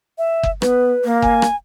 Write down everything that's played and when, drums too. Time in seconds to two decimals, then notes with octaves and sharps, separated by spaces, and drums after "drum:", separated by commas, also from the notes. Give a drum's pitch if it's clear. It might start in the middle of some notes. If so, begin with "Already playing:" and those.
0.18 E5
0.43 drum: kick F#1
0.62 B3 B4, drum: rim click
1.05 A#3
1.22 G#5, drum: kick F#1
1.42 drum: rim click